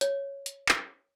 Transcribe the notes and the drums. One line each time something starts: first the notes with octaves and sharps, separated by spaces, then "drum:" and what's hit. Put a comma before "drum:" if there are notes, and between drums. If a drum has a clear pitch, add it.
C#5, drum: hi-hat
drum: hi-hat
drum: clap